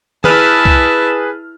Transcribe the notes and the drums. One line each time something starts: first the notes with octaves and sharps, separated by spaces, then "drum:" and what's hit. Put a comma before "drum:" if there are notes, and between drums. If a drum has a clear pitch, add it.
E4 G#4 B4 A5 F6, drum: tom
drum: kick